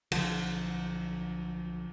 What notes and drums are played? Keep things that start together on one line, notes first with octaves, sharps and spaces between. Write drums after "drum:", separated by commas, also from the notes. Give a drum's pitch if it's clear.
B1 D3 F3, drum: cymbal